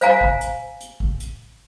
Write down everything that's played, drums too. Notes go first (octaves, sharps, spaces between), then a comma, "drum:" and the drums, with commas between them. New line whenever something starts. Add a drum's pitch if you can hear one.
C5 E5 F5 G#5 A#5, drum: hi-hat
drum: kick
drum: hi-hat
drum: hi-hat
drum: kick
drum: hi-hat